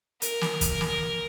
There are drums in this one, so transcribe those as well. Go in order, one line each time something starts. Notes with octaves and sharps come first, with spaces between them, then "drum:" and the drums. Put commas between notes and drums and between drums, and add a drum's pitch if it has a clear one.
A#4, drum: hi-hat
drum: snare
drum: kick, hi-hat
drum: snare